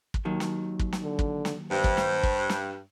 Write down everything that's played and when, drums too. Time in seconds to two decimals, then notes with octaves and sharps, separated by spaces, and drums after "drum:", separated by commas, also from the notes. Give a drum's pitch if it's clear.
0.14 drum: kick
0.25 D#2 D#3 F#3
0.40 drum: snare
0.79 drum: kick
0.93 drum: snare
1.03 D3
1.19 drum: kick
1.45 drum: snare
1.71 G2 C5
1.84 drum: kick
1.97 drum: snare
2.23 drum: kick
2.50 drum: snare